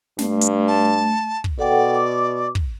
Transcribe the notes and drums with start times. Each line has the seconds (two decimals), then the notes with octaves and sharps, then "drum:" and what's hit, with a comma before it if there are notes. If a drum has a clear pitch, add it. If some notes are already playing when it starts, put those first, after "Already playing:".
0.19 G2 A3, drum: snare
0.41 drum: hi-hat
0.67 A5
1.44 drum: kick
1.59 B2 A4 D5 F#5 G5
1.95 D6
2.55 drum: kick